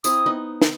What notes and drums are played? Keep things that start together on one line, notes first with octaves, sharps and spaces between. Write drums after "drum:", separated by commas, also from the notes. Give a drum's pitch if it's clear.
C4 E4 D#6, drum: tambourine
B3 D#4
drum: snare